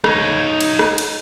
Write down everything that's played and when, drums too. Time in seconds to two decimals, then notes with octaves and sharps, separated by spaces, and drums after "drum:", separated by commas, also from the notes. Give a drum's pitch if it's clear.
0.04 D#4 C#5, drum: rim click
0.60 drum: cymbal
0.79 drum: rim click
0.98 drum: cymbal